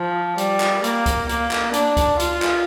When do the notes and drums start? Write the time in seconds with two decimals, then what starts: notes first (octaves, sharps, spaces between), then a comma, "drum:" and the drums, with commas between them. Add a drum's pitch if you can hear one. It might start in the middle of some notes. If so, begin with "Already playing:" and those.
Already playing: F3
0.38 G3, drum: hi-hat
0.60 drum: clap
0.84 A#3, drum: hi-hat
1.06 drum: kick C#2, hi-hat
1.29 A#3, drum: hi-hat
1.51 drum: clap
1.73 D4, drum: hi-hat
1.97 drum: kick C#2, hi-hat
2.19 F4, drum: hi-hat
2.42 drum: clap